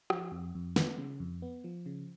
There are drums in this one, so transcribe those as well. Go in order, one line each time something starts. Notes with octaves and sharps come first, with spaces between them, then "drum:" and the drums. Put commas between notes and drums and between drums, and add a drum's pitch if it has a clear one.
F3, drum: rim click
F2
F2
B3, drum: snare
C#3
F2
B3
F3
C#3